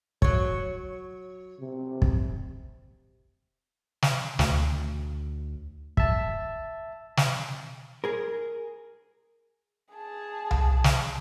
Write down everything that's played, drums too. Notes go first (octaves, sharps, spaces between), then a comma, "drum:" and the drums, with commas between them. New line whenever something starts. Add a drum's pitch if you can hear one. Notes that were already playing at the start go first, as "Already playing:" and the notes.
F#3 C#5, drum: kick
C3
drum: kick
drum: snare
D2, drum: snare
E5 A5, drum: kick
drum: snare
G#4 A#4
G#4 A5
drum: tom C2
drum: snare